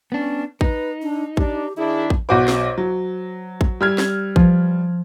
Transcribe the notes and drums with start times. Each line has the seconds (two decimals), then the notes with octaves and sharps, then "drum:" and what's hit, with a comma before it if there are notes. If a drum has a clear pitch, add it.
0.12 B3 C#4 D4
0.61 D#4 B4, drum: kick
1.02 D4
1.37 D4 G4 D5, drum: kick
1.77 D#3 D4 E4 G#4
2.10 drum: kick
2.29 B1 F#4 C5 D6
2.48 drum: snare
2.78 F#3
3.61 drum: kick
3.81 G3 E6 F6 G#6
3.98 drum: snare
4.36 F3, drum: kick